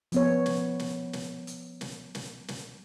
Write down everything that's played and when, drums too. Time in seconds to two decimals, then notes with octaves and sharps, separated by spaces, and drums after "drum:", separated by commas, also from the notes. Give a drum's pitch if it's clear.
0.12 F3 B3 C#5, drum: hi-hat
0.46 drum: snare
0.80 drum: snare
1.13 drum: snare
1.47 drum: hi-hat
1.81 drum: snare
2.15 drum: snare
2.49 drum: snare